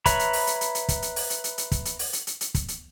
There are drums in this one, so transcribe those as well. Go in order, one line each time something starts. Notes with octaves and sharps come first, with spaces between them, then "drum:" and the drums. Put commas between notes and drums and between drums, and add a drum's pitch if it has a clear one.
B4 C#5 E5 A#5 B5, drum: kick, hi-hat
drum: hi-hat
drum: open hi-hat
drum: hi-hat
drum: hi-hat
drum: hi-hat
drum: kick, hi-hat
drum: hi-hat
drum: open hi-hat
drum: hi-hat
drum: hi-hat
drum: hi-hat
drum: kick, hi-hat
drum: hi-hat
drum: open hi-hat
drum: hi-hat
drum: hi-hat
drum: hi-hat
drum: kick, hi-hat
drum: hi-hat